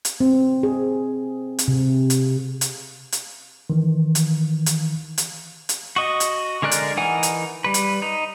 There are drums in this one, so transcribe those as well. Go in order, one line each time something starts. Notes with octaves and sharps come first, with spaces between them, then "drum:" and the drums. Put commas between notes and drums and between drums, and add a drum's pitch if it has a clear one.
drum: hi-hat
C4
G#4
drum: hi-hat
C3
drum: hi-hat
drum: hi-hat
drum: hi-hat
D#3 E3
drum: hi-hat
drum: hi-hat
drum: hi-hat
drum: hi-hat
F#4 D#5
drum: hi-hat
D3 G#3 A#4 D5 F#6
drum: hi-hat
E3 D#4 A#4 F#5 G#5
drum: hi-hat
G3 B4
drum: hi-hat
D#4